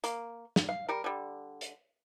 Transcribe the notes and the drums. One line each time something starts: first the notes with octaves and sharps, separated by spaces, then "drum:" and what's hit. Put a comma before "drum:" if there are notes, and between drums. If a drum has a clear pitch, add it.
A#3, drum: hi-hat
drum: snare
F5
G3 A#4
D3 G3
drum: hi-hat